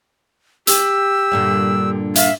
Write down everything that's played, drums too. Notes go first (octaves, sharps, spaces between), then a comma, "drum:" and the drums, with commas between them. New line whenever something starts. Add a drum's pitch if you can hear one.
G4 E6, drum: hi-hat
G2 A#2 D3
E5 F5, drum: hi-hat